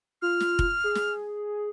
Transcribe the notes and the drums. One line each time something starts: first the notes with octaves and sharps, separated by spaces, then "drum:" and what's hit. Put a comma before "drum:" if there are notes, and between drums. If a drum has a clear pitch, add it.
F4 F6
drum: snare
drum: kick F1
G#4
drum: snare